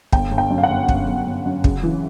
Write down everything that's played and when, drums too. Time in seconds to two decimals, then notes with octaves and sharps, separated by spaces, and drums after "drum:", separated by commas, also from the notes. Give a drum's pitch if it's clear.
0.13 G1 G5, drum: kick
0.31 G1
0.38 G5
0.51 F#2
0.58 F5
0.63 F#5
0.70 G1
0.89 G1, drum: kick
1.07 G1
1.27 G1
1.46 F#2
1.64 C#3, drum: kick
1.83 E3